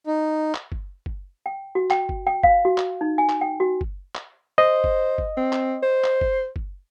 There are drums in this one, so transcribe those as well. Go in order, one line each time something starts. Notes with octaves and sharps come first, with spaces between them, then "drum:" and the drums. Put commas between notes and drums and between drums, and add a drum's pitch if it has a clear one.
D#4
drum: clap
drum: kick F#1
drum: kick F#1
G5
F#4
G5, drum: clap
drum: kick F#1
G5
F5, drum: kick F#1
F#4
drum: clap
D#4
G#5
drum: clap
G5
F#4
drum: kick F#1
drum: clap
C5 D#5
drum: kick F#1
drum: kick F#1
C4
drum: clap
C5
drum: clap
drum: kick F#1
drum: kick F#1